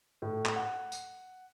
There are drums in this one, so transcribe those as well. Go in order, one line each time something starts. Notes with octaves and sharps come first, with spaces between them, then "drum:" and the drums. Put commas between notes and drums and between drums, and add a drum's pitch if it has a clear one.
A2
drum: clap
F#5
drum: tambourine